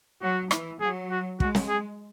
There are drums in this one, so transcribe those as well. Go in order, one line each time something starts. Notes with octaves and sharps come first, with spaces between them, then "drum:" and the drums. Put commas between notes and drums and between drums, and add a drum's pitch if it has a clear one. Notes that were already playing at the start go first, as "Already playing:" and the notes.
F#3 F#4
E3, drum: rim click
F#3 G#4
F#4
G#3 F#4, drum: kick
drum: snare
G#4